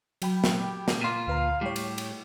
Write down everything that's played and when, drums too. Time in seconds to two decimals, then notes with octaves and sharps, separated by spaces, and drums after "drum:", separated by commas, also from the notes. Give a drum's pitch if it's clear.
0.22 F#3 G5 B5, drum: cymbal
0.44 drum: snare
0.59 G4
0.88 drum: snare
1.01 A#2 A#3 F4
1.27 D2 B4 F5 A#5
1.61 A2 G3 G4 C#5
1.76 drum: cymbal
1.98 drum: cymbal